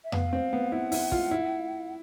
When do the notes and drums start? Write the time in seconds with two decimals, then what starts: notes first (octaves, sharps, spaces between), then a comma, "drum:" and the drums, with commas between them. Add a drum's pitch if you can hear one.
0.04 E5
0.12 B3 F5, drum: tom F2
0.33 C4
0.53 B3
0.72 E4 F#5
0.92 E4, drum: open hi-hat
1.12 F4, drum: kick
1.31 E4